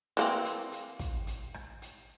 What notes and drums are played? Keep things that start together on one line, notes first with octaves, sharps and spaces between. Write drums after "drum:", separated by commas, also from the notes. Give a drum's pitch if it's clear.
E3 A#3 C4, drum: hi-hat
drum: hi-hat
drum: hi-hat
drum: kick, hi-hat
drum: hi-hat
drum: rim click
drum: hi-hat